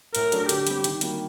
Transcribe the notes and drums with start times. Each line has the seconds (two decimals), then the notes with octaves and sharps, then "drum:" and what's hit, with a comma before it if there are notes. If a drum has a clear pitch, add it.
0.15 A2 A#4, drum: hi-hat
0.32 F#3 A3 D4, drum: hi-hat
0.49 D3 G4, drum: hi-hat
0.67 G3 C4, drum: hi-hat
0.84 D#3, drum: hi-hat
1.01 G3 A#3 F#4, drum: hi-hat